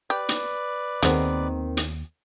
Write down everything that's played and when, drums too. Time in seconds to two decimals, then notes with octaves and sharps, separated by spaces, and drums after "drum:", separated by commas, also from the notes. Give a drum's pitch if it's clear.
0.10 G4 B4 D5
0.29 drum: hi-hat
1.03 D#2 D#3 G#3 B3 C4 A#4, drum: hi-hat
1.77 drum: hi-hat